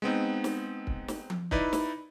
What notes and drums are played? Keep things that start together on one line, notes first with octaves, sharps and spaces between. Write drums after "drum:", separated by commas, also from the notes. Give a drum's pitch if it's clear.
G#3 B3 C4 D#4
drum: snare
drum: kick
drum: snare
drum: tom F3
D#4 E4 B4 D5, drum: kick
drum: snare